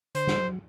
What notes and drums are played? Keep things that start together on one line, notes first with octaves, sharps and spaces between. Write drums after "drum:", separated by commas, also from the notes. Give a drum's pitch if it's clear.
D3 C5, drum: hi-hat
G3, drum: snare
F#3